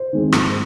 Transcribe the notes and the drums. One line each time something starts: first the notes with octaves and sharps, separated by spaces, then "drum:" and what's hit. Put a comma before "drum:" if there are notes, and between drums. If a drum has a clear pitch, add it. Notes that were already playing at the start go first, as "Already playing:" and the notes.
Already playing: C5
D#3 G#3 C4
G#2, drum: rim click